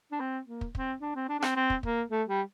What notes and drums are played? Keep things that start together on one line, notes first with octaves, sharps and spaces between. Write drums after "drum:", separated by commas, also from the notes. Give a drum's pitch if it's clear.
D4
C4
A#3
drum: kick
C4, drum: kick
D4
C4
D4
D4
C4, drum: rim click
C4
drum: kick
A#3, drum: kick
A3
G3